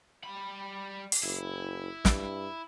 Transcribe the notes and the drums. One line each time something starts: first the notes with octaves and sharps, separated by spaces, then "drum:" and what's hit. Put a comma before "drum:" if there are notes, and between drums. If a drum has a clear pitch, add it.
G3 B5
drum: open hi-hat
F#1 E4
G2, drum: snare